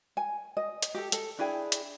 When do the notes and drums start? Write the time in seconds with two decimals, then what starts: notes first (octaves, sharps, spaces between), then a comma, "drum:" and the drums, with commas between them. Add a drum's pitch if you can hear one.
0.17 G#5
0.57 D#5
0.82 drum: hi-hat
0.95 G4 A4
1.12 A4, drum: hi-hat
1.39 D4 E4 G#4 G5
1.72 drum: hi-hat